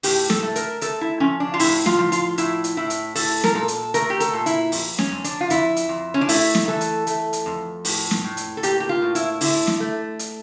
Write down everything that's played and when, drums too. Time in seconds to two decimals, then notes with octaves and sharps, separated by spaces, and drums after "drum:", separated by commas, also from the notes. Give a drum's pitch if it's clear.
0.03 A2 G4, drum: open hi-hat
0.30 A4, drum: snare
0.42 A3
0.56 A#4, drum: hi-hat
0.81 A3 A4, drum: hi-hat
1.01 E4
1.20 F3 C#4
1.40 D4
1.54 F4
1.59 A2 E4, drum: open hi-hat
1.86 F4, drum: snare
1.99 F3
2.12 F4, drum: hi-hat
2.38 A2 E4, drum: hi-hat
2.64 drum: hi-hat
2.77 A2 E4
2.90 drum: hi-hat
3.15 A3 A4, drum: open hi-hat
3.44 A#4, drum: snare
3.55 A#2 A4
3.68 drum: hi-hat
3.94 A3 A#4, drum: hi-hat
4.10 G4
4.20 A4, drum: hi-hat
4.33 A#2
4.46 E4, drum: hi-hat
4.72 F2, drum: open hi-hat
4.98 C#4, drum: snare
5.12 F2
5.24 D4, drum: hi-hat
5.41 F4
5.50 F2 E4, drum: hi-hat
5.76 drum: hi-hat
5.89 F2
6.14 C#4
6.21 D4
6.29 A3 E4, drum: open hi-hat
6.55 drum: snare
6.68 E3 A4
6.81 drum: hi-hat
7.07 A3, drum: hi-hat
7.33 drum: hi-hat
7.46 F2
7.85 A2, drum: open hi-hat
8.11 drum: snare
8.24 A2
8.37 drum: hi-hat
8.57 A4
8.63 A#3 G4, drum: hi-hat
8.80 G4
8.89 F4
9.02 A2
9.15 E4, drum: hi-hat
9.41 D3 E4, drum: open hi-hat
9.67 drum: snare
9.80 A3
10.19 drum: hi-hat